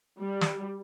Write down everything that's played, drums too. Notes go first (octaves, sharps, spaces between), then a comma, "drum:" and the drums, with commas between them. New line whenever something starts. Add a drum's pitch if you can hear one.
G3
drum: snare